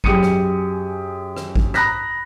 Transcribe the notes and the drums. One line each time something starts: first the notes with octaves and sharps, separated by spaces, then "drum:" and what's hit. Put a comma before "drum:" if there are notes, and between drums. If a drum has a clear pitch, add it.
F#2 G4 G#4 D#6 C#7 D#7, drum: kick
drum: rim click
drum: rim click
drum: kick
A#5 B5 D#6 F#6 A#6 B6, drum: rim click